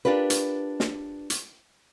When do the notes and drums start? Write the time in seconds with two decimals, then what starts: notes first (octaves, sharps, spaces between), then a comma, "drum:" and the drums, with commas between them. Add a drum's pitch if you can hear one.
0.05 D4 F4 G4 A#4 B4
0.30 drum: hi-hat
0.80 drum: snare
1.30 drum: hi-hat